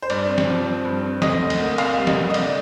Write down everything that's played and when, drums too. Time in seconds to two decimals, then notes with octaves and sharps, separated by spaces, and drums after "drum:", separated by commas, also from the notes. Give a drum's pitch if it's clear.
0.02 C5
0.10 G2 D5, drum: cymbal
0.28 C4
0.38 drum: snare
0.47 F3
0.66 C4
0.85 G2
1.03 C4
1.22 D2 D#5, drum: snare
1.41 D2
1.50 drum: cymbal
1.60 A#3
1.78 C3 F5, drum: cymbal
1.98 G3
2.07 D#5, drum: snare
2.16 C3
2.30 D#5
2.34 D3 D5, drum: cymbal